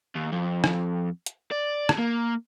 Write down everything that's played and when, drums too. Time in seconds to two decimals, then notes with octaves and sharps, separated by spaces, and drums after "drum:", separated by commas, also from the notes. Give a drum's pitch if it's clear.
0.15 D#2
0.32 F2
0.64 drum: rim click
1.26 drum: hi-hat
1.52 D5
1.89 drum: rim click
1.98 A#3